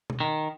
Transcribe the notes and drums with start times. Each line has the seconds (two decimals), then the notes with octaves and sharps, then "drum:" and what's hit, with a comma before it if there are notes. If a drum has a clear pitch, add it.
0.10 drum: tom B2
0.20 D#3